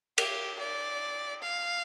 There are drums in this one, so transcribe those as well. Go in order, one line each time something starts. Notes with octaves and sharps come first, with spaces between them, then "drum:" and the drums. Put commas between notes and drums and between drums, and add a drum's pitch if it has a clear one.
G4, drum: cymbal
D5
F5